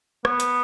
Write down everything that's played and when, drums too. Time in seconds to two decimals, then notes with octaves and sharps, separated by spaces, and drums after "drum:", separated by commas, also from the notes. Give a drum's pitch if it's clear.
0.25 B3, drum: rim click
0.40 drum: hi-hat